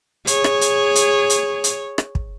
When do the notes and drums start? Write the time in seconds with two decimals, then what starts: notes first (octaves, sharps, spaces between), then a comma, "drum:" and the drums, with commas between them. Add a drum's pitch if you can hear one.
0.27 G#4 C#5, drum: hi-hat
0.44 drum: rim click
0.61 drum: hi-hat
0.95 drum: hi-hat
1.30 drum: hi-hat
1.64 drum: hi-hat
1.98 drum: rim click
2.15 drum: kick